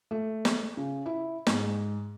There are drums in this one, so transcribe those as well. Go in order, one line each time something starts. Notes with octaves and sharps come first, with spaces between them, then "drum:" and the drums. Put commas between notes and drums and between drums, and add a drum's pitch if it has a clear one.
A3
drum: snare
C#3
E4
G#2, drum: snare